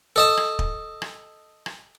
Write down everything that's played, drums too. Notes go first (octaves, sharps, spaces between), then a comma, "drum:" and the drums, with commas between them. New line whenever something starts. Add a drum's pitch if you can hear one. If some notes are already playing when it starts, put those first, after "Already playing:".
A4 D#5 A5
drum: rim click
drum: kick
drum: rim click
drum: rim click